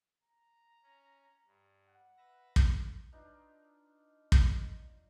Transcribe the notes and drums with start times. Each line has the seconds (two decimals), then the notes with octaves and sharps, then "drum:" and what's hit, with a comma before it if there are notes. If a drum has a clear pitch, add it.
0.23 A#5
0.83 C#4
1.46 G2
1.88 F#5
2.17 B4 E5 A#6
2.56 drum: kick
3.12 D4 D#4 F4 B4
4.32 drum: kick